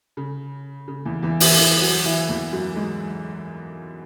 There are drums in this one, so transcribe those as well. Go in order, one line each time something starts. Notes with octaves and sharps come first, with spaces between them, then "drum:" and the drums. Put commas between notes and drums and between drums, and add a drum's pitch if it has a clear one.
C#3
C#3
E2 E3
E2 E3
E3 E4, drum: open hi-hat
E3 E4
F#3 F#4
E3 E4
E2 E3
F#2 F#3
G#2 G#3